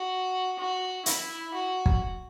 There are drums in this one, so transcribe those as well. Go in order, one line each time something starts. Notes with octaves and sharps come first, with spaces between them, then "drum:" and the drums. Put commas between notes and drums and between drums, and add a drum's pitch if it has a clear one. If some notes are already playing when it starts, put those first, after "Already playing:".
Already playing: F#4
F#4
E4, drum: hi-hat
F#4
drum: kick